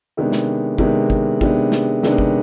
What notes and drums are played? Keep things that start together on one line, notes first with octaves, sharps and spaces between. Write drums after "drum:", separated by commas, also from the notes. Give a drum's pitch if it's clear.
C3 D#3 G#3 B3 D4
drum: snare
C3 D#3 G#3 B3 D4, drum: kick
drum: kick
C3 D#3 G#3 B3 D4, drum: kick
drum: snare
C3 D#3 G#3 B3 D4, drum: snare
drum: kick